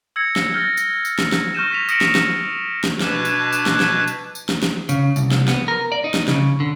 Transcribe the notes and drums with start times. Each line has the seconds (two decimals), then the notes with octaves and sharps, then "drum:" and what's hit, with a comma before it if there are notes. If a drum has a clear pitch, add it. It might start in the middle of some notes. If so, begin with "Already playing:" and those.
0.16 E6 G#6 A#6 C#7
0.36 drum: snare
0.54 F6 G6 A6 A#6
0.77 drum: tambourine
1.05 drum: tambourine
1.19 drum: snare
1.32 drum: snare
1.54 C#6 F6 G6 A#6 D#7 E7
1.72 B6 F7
1.89 D#6 A#6 C#7 D7 F#7, drum: tambourine
2.01 drum: snare
2.15 drum: snare
2.84 drum: snare
3.00 B2 D4 B4 A5 D6 G#6, drum: snare
3.25 drum: tambourine
3.53 drum: tambourine
3.66 drum: snare
3.80 drum: snare
4.08 drum: tambourine
4.35 drum: tambourine
4.49 drum: snare
4.63 drum: snare
4.89 C#3, drum: tambourine
5.16 C2, drum: tambourine
5.31 drum: snare
5.48 B3, drum: snare
5.68 A#4
5.92 D5
6.04 D#4
6.14 drum: snare
6.28 C#3, drum: snare
6.60 D3